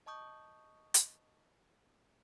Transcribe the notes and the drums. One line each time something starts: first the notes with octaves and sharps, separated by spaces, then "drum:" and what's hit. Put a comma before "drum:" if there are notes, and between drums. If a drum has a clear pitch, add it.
D#5 A5 C#6 D#6 G6
drum: hi-hat